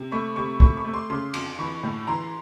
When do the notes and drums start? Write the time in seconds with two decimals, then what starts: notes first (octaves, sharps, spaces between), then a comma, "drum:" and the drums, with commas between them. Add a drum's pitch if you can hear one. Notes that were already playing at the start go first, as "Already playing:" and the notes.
Already playing: C3
0.11 A3 B5 C#6
0.36 C3 B5 C#6
0.60 A3 B5 C#6, drum: kick
0.77 B5 C#6
0.85 A3
0.94 C6 D6
1.10 C#3 C6 D6
1.34 F2, drum: cymbal
1.59 E3 B5 C#6
1.83 A2
2.07 E3 A#5 C6